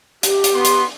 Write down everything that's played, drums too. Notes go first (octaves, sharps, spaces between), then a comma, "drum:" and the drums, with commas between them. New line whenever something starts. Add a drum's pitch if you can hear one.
G4, drum: hi-hat
drum: hi-hat
B3 C6
drum: hi-hat